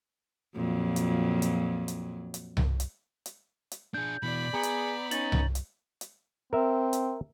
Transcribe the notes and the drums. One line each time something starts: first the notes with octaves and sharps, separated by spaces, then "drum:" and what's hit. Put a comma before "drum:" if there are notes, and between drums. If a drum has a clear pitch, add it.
F2 A#2 F#3
drum: hi-hat
drum: hi-hat
drum: hi-hat
drum: hi-hat
drum: tom C2
drum: hi-hat
drum: hi-hat
drum: hi-hat
D4 G#4 G6
B2 E3 D5 B5
B3 G#4 A#5
drum: hi-hat
C#4 D#4 A6 F#7, drum: hi-hat
drum: tom C2
drum: hi-hat
drum: hi-hat
C4 A#4 E5
drum: hi-hat